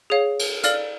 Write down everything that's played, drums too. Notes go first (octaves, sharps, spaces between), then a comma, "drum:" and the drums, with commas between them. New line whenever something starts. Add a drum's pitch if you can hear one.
G#4 C#5 F5
drum: cymbal
A4 D5 F5 F6, drum: hi-hat